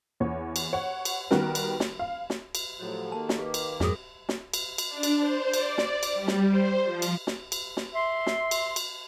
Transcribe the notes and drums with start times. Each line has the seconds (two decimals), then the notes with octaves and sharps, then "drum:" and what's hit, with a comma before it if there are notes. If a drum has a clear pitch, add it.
0.20 E2 C#5
0.56 drum: cymbal
0.73 C#5 F#5
1.05 drum: cymbal
1.31 D#3 G3 B3 F#4 A#4, drum: snare
1.55 drum: cymbal
1.80 drum: snare
1.99 F5
2.30 drum: snare
2.55 drum: cymbal
2.79 A2 F3 F#3 F#4 G4 A4
3.12 D#3 A#3 A5
3.29 drum: snare
3.38 G4 B4 D6
3.54 drum: cymbal
3.80 F2 G#2 G3 F#4 G#4 A#4 D#6, drum: snare
4.29 drum: snare
4.54 drum: cymbal
4.78 drum: cymbal
4.88 D4
5.03 drum: cymbal
5.20 C5
5.54 D5, drum: cymbal
5.78 drum: snare
6.03 drum: cymbal
6.14 G3
6.28 drum: snare
6.48 C5
6.85 F3
7.02 drum: cymbal
7.27 drum: snare
7.52 drum: cymbal
7.77 drum: snare
7.94 E5 C6
8.26 drum: snare
8.51 drum: cymbal
8.76 drum: cymbal